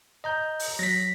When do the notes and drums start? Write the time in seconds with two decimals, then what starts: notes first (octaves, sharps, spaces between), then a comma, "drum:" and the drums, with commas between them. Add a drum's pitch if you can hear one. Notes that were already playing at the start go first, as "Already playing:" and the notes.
0.24 D#5 A#5 G6
0.59 drum: open hi-hat
0.79 F#3 A#6 B6